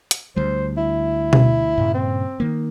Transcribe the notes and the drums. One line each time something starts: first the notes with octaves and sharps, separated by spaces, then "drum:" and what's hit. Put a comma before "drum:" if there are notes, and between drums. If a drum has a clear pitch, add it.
drum: hi-hat
D2 G3 C5
E4
drum: tom B2
G2 A#2 C#3
C4
D#3 A#3